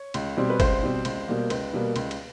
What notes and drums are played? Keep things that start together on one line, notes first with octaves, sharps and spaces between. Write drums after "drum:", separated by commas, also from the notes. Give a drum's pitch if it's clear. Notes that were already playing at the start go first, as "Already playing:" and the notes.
Already playing: C#5
C#2, drum: cymbal
B2 G3 C4
B4
C#2 C5, drum: kick G#1, cymbal
B2 G3 C4
C#2, drum: cymbal
B2 G3 A#3
C#2 B4, drum: cymbal
B2 G3 A#3
C#2, drum: cymbal
drum: cymbal